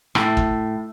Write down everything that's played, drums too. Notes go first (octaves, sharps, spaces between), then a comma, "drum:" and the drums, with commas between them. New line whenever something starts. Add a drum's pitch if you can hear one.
A2, drum: rim click
drum: kick